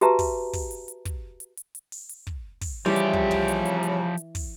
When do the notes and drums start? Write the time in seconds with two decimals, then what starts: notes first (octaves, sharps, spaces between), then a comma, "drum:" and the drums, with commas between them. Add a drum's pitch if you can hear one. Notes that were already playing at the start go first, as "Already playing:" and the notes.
0.01 F#4 G4 B4 E5 A5 A#5, drum: hi-hat
0.19 drum: kick, open hi-hat
0.53 drum: kick, open hi-hat
0.71 drum: hi-hat
0.88 drum: hi-hat
1.05 drum: kick, hi-hat
1.40 drum: hi-hat
1.57 drum: hi-hat
1.75 drum: hi-hat
1.92 drum: open hi-hat
2.09 drum: hi-hat
2.27 drum: kick
2.61 drum: kick, open hi-hat
2.86 C#3 E3 F3 G3 G4
2.96 drum: hi-hat
3.13 drum: kick
3.31 drum: tom
3.48 drum: hi-hat
3.65 drum: hi-hat
3.83 drum: hi-hat
4.17 drum: hi-hat
4.35 drum: kick, open hi-hat